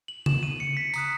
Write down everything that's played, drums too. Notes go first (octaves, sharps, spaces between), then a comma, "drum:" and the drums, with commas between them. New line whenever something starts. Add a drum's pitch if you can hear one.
F#7
E7, drum: tom C#3
D#7
C#7
B6
A#5 D#6 F#6 B6, drum: tambourine